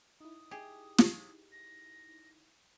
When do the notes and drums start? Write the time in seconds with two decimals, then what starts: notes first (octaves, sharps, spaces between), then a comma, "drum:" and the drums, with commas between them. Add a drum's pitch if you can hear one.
0.20 D#4 E4 D#6
0.51 G4 G#4
0.99 drum: snare
1.52 A#6